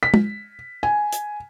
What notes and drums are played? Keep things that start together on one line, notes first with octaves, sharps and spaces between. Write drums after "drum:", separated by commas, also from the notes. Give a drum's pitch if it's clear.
B6
drum: tom G#3
G#5
drum: hi-hat